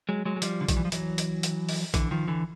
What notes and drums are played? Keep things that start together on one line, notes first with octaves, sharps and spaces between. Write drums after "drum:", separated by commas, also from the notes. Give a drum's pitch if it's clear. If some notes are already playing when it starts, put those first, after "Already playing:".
F#3 G#3
F#3 G#3
G#3
F3 G3, drum: hi-hat
D3
D#3, drum: kick A#1, hi-hat
E3
F3
E3 F#3, drum: hi-hat
drum: hi-hat
drum: hi-hat
drum: open hi-hat
D3 E3, drum: kick A#1, hi-hat
D#3 F3
D3 E3